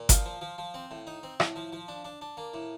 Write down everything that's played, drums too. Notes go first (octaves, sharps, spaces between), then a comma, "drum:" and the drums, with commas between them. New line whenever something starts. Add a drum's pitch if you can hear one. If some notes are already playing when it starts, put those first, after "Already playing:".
Already playing: A#2
F3 F4, drum: kick G1, hi-hat
F3
F3
F3
C4
A2
D#4
C4
A2, drum: rim click
F3
F3
D4
D4
D4
A#3
A2